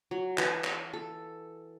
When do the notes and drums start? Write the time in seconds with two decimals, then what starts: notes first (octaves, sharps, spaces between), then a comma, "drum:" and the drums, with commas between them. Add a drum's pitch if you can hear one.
0.11 F#3
0.38 E3, drum: clap
0.64 drum: clap
0.93 A4